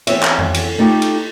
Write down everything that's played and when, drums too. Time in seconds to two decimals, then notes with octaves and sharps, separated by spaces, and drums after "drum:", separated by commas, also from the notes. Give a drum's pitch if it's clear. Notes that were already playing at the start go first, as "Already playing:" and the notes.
0.07 E2 C4 C#5 E5, drum: cymbal
0.23 drum: clap
0.39 drum: tom F2
0.54 drum: cymbal
0.78 A3 D#4 F4 G4
1.02 drum: cymbal